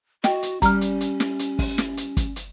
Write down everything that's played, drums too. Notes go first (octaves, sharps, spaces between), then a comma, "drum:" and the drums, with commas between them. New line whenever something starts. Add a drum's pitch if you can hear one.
F#4 D#5 G5, drum: snare
drum: hi-hat
G3 C#4 A#5 F6, drum: kick, hi-hat
drum: hi-hat
drum: hi-hat
drum: snare
drum: hi-hat
drum: kick, open hi-hat
drum: snare
drum: hi-hat
drum: kick, hi-hat
drum: hi-hat